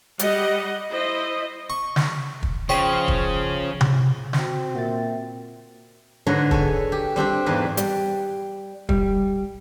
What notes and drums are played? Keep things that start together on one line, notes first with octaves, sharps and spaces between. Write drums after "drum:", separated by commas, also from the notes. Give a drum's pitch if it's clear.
G3 D#5 F#5, drum: hi-hat
E4 C5 D#5
C#6
drum: snare
drum: kick
C#3 F3 C#5 G5
drum: kick
drum: tom C3
C4 F#4 G5, drum: snare
A#2 F#4 A#4 E5 G5 A6
G#2 D3 B4 C#5 A#5 C6
A4 C#5 G#5, drum: kick
G4
G3 C4 D4 G4
E2 G#2 G4 B4 F5
G3, drum: hi-hat
G3, drum: kick